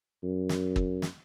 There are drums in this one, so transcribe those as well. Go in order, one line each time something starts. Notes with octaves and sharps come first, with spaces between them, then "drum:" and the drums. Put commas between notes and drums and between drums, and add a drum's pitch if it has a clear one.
F#2
drum: snare
drum: kick
drum: snare